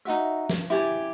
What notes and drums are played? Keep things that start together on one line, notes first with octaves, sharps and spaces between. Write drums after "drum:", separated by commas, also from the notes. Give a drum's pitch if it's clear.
D#4 E4 F#4 E5
drum: snare
E4 G4 D5 G#5